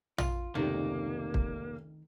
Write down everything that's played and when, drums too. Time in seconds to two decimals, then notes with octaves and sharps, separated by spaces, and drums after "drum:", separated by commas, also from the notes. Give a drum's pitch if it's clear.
0.18 F4, drum: tom A#1
0.55 F1 C#2 C3 D#3 A#3 D4 D#4
1.34 drum: kick